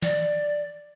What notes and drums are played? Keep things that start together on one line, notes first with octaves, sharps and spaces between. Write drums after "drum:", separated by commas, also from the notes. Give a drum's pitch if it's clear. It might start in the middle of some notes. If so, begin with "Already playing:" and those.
D5, drum: snare